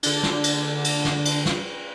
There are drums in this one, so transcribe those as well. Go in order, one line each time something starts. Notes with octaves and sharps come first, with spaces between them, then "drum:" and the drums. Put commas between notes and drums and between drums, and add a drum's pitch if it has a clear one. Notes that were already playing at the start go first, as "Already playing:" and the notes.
D3 D4, drum: cymbal
drum: snare
drum: cymbal
drum: cymbal
drum: snare
drum: cymbal
drum: snare